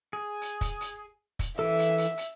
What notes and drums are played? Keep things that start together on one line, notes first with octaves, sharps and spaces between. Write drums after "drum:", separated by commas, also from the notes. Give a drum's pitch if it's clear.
G#4
drum: hi-hat
drum: kick, hi-hat
drum: hi-hat
drum: kick, hi-hat
E3 A4 E5
drum: hi-hat
drum: hi-hat
drum: hi-hat